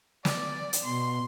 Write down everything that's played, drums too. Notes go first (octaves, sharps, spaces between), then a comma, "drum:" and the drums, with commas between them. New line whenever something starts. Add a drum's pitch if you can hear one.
D5, drum: snare
drum: hi-hat
B2 C6